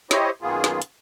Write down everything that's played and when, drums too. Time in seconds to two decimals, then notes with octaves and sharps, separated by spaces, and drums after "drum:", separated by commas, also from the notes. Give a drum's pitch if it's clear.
0.11 E4 G4 C5 C#5 D#5, drum: snare
0.42 F#2 D#3 A#3 B3 F4 G#4
0.64 drum: snare
0.82 drum: hi-hat